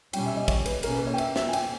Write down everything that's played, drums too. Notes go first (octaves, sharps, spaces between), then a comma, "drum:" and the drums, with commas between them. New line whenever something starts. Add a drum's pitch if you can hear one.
B2 G3 C#4 G5, drum: cymbal
E5
D#5
C#5, drum: kick, cymbal
B4, drum: cymbal
B2 A#3 C#4 A#4, drum: cymbal
B4
C#5
G5
E5, drum: cymbal
E5, drum: snare
G#5
G5, drum: cymbal